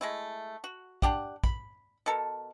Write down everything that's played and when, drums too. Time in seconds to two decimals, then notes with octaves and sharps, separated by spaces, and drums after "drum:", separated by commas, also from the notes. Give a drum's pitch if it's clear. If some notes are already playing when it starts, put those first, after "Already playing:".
0.01 G#3 A3 E4
0.64 F#4
1.02 D4 G4 F#5, drum: kick
1.44 B5, drum: kick
2.06 B2 A4 A#4